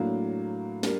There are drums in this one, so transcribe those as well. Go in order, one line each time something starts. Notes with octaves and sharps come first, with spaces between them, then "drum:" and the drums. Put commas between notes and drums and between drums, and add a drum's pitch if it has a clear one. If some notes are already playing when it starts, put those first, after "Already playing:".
Already playing: A2 F#3 A#3 D4
G3 D4 A#4, drum: snare